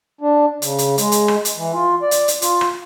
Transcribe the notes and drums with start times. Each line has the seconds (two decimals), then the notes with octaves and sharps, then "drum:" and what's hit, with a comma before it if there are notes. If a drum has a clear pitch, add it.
0.21 D4
0.62 C#3, drum: hi-hat
0.78 drum: hi-hat
0.98 G#3, drum: hi-hat
1.12 drum: hi-hat
1.28 drum: rim click
1.45 drum: hi-hat
1.57 E3
1.74 F4
2.02 D5
2.11 drum: hi-hat
2.28 drum: hi-hat
2.42 F4, drum: hi-hat
2.61 drum: rim click